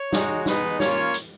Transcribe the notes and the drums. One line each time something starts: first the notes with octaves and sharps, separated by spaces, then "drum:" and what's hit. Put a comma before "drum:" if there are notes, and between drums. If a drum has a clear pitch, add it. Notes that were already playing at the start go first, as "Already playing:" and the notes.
Already playing: C#5
G#3 D#4 F#4, drum: snare
G#3 B3 D#4 B4, drum: snare
A#3 C#4 F4 C#5, drum: snare
drum: hi-hat